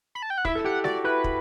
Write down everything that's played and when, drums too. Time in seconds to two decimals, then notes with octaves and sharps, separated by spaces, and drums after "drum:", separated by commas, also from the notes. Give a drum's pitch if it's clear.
0.15 B5
0.23 A5
0.30 G5
0.38 F#5
0.45 E4 E5, drum: kick
0.55 A4
0.65 G4 F#5
0.84 F#4 D5, drum: snare G#3
1.04 E4 B4
1.24 drum: kick